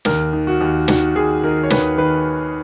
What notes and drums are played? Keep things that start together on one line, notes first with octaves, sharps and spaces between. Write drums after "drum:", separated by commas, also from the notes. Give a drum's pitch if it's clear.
D#2 A#4, drum: snare
D#3
F#4
D#2
D#3 F#4, drum: snare
D#2 G#4
D#3 A#4
C#5
D#2 B4, drum: snare
D#3 B4